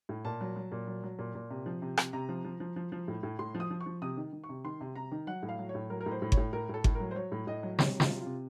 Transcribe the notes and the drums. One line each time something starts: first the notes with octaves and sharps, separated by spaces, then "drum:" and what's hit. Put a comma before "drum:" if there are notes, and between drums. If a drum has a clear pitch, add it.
A2
A#2 A5
F#3
F#3
A#2
F#3
F#3
A#2
A#2
C3
F3
C3
C3, drum: rim click
C3 A#5
F3
F3
F3
F3
F3
A2
A2
A2 C6
F3
D#6
F3
C#6
F3
C3 D#6
D#3
D#3
C#6
C3
D#3 C6
C3
C3 A#5
D#3
F#3 F#5
A2
F5
F#3
C#5
A2
F#3 A#4
A#4
A2
C5
A2
C#5, drum: kick G1
A2
A2 A#4
A2 A4
A2, drum: kick G1
A#4
F#3
C5
F#3 C#5
A2
A2 D#5
F#3
C3 C#5, drum: snare
F#3
F4, drum: snare
C3
F4
C3